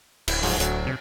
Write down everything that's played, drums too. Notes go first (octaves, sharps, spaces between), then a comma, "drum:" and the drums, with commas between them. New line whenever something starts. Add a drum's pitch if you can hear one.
D1 E4, drum: cymbal
G#2 F3 F#3, drum: open hi-hat
D1 D2 F#3, drum: hi-hat
C3